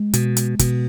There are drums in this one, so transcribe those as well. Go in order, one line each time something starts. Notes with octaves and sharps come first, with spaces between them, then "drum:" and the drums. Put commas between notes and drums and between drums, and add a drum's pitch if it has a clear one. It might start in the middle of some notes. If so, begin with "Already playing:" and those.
Already playing: G#3
B2, drum: hi-hat
drum: hi-hat
B2, drum: kick, hi-hat